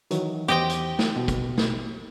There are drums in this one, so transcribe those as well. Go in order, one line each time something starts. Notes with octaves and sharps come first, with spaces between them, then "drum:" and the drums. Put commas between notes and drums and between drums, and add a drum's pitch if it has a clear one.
D#3 E3 F#3, drum: hi-hat
E2 G4 C5 D#5 G5
drum: hi-hat
drum: snare
B2
drum: kick, hi-hat
drum: snare